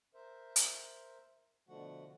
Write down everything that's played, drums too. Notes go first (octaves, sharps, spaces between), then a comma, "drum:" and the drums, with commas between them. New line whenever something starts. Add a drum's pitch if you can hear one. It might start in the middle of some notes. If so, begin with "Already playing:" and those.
A#4 C5 E5
drum: hi-hat
B2 D3 F3 A3 F#4 F#5